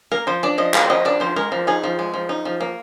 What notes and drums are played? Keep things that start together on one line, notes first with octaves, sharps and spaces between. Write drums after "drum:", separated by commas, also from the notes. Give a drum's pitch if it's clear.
A#3 A#4
F3 C5
D4 D5
F3 D#5
A#3 F5, drum: clap
F3 D#5
D4 D5
F3 C5
G#3 A#4
F3
D#4 G#4
F3
G#3
F3
D#4
F3
A#3